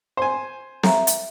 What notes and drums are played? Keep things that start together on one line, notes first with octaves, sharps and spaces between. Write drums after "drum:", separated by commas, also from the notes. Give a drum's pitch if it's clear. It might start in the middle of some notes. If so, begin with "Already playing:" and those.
C5 G#5
E5 A#5, drum: snare C4
drum: hi-hat